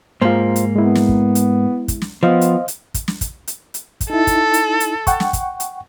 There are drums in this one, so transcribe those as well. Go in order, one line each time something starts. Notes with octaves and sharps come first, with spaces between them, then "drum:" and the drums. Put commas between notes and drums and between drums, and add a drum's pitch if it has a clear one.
G#2 A#3 F4 C5
drum: hi-hat
G#3 B3 E4
drum: snare
drum: kick
drum: hi-hat
drum: kick, hi-hat
drum: snare
F3 B3 C5 D#5 F5
drum: hi-hat
drum: hi-hat
drum: kick, hi-hat
drum: snare
drum: kick, hi-hat
drum: hi-hat
drum: hi-hat
drum: kick, hi-hat
D#4 E4 A4
drum: kick, hi-hat
drum: hi-hat
drum: hi-hat
F#5 G5 C#6, drum: kick, hi-hat
drum: snare
drum: kick, hi-hat
drum: hi-hat